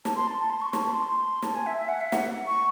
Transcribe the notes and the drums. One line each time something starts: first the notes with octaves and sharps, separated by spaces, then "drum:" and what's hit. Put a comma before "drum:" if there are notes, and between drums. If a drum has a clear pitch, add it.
A5, drum: snare
C6
A5
A5
C6
C#6
A5, drum: snare
C6
C6
A5, drum: snare
G#5
E5
E5
F#5
E5
F#5, drum: snare
C#6